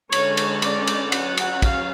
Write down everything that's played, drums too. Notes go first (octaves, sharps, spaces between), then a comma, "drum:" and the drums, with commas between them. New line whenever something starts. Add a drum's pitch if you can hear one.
D3 G#3 C#4 C#5, drum: cymbal
drum: cymbal
D5, drum: cymbal
drum: cymbal
F#3 C#4 F#5, drum: cymbal
drum: cymbal
F5, drum: kick, cymbal